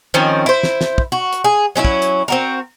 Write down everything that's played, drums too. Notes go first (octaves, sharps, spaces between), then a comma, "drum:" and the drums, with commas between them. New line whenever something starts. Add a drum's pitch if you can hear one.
D#3 F3 C4 C#4
E4 C5
drum: snare
drum: snare
drum: kick
F#4
drum: hi-hat
G#4
F#3 C#4 D#4 E4
drum: kick
drum: hi-hat
C4 F#4 A#4